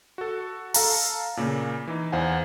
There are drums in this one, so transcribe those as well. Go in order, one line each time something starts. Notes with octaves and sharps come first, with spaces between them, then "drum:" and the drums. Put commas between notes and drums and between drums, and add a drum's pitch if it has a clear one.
F#4 A4
A4 F5 A5 A#5, drum: open hi-hat
A#2 C#3 A#3
E3 D#4
E2 C5 F5 F#5 G#5